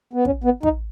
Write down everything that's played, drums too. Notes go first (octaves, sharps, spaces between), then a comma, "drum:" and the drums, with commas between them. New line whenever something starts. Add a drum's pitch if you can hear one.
B3
C#4, drum: kick
B3
D#4, drum: kick